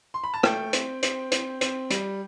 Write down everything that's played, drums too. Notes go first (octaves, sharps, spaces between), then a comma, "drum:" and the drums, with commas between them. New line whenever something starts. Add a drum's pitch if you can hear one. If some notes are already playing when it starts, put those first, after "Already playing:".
C6
B5
A5
A3 G5, drum: rim click
C4, drum: hi-hat
C4, drum: hi-hat
C4, drum: hi-hat
C4, drum: hi-hat
G3, drum: hi-hat